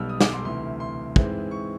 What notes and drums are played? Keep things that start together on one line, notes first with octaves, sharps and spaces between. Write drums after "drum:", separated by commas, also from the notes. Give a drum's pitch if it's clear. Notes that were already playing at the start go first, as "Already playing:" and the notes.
Already playing: B1 B2 G3 E6 F6
D#6
D6, drum: snare
C6
D2 C3 E3 C6
C6
G#2 E3 G#3 C4, drum: kick
C#6